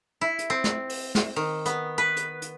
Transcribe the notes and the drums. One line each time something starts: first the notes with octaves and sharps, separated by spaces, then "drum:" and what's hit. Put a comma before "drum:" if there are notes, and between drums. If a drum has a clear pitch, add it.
E4
drum: hi-hat
C4
drum: snare
drum: open hi-hat
drum: snare
D#3
B3, drum: hi-hat
B4
drum: hi-hat
drum: hi-hat